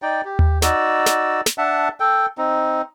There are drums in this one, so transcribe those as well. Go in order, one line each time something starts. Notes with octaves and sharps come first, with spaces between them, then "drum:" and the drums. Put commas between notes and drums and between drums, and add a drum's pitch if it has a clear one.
D#4 D5 G5
G4
drum: tom D#2
D#4 F#4 D5 E6, drum: snare
drum: snare
drum: snare
D4 E5 F#5 A5
A4 G5
C4 D#4